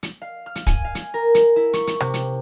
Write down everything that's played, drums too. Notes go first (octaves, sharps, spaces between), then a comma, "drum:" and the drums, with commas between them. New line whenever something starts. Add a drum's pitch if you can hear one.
drum: hi-hat
F5
F6
drum: hi-hat
G#5, drum: kick, hi-hat
F5
drum: hi-hat
A#4
drum: hi-hat
E4
C#6, drum: hi-hat
drum: hi-hat
C3, drum: rim click
drum: hi-hat